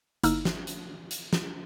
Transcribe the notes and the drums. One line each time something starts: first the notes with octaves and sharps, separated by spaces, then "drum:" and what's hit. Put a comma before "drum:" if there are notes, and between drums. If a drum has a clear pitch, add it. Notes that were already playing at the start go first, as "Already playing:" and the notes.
G1 A#3 D#4 E4 E6 F6, drum: hi-hat
drum: snare
drum: hi-hat
drum: hi-hat
drum: snare